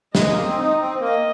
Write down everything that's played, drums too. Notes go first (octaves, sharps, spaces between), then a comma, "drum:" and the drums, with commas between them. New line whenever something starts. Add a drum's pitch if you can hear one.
G#3 D#5, drum: snare
A#3
C4
D#4
C4
A#3 D#5